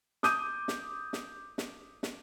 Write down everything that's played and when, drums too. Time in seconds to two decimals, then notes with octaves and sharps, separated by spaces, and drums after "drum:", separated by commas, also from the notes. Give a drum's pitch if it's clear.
0.23 D6 D#6 G6 D#7, drum: snare
0.68 drum: snare
1.13 drum: snare
1.58 drum: snare
2.03 drum: snare